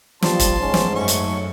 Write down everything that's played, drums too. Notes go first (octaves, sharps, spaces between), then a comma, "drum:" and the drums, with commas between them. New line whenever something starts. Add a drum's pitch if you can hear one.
F3 G3 A5 C6, drum: snare
drum: kick E1, hi-hat
G#2 C#4
drum: snare
F#2 F#3 A3 C#4 C#6
drum: hi-hat